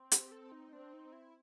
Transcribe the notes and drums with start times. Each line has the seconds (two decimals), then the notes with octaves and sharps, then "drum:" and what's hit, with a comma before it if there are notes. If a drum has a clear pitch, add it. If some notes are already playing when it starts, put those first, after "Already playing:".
Already playing: C4
0.12 G4, drum: hi-hat
0.32 A4
0.52 D#4
0.72 C4 D4
0.93 D#4
1.13 E4